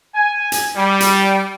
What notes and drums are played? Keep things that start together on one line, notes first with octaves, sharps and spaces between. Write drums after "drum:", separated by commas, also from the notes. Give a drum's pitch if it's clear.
G#5
drum: hi-hat
G3
drum: hi-hat